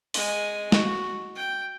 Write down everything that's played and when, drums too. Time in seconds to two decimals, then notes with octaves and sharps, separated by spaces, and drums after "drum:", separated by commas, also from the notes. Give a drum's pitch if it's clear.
0.14 G#3 G#5, drum: open hi-hat
0.72 F#4, drum: snare
1.36 G5